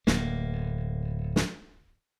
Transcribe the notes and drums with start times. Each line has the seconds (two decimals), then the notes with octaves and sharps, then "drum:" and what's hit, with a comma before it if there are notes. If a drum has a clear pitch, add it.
0.07 D1 A#3, drum: snare
1.36 drum: snare